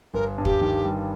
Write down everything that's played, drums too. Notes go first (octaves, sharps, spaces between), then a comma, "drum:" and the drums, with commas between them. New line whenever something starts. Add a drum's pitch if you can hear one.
G1 A#4
G2
G4, drum: kick
D#3
G3